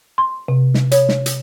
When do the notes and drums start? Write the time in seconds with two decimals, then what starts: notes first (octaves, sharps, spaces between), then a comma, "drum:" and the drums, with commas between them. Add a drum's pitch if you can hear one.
0.18 C6
0.48 C3
0.74 drum: snare
0.91 C#5, drum: hi-hat
1.09 drum: snare
1.26 drum: hi-hat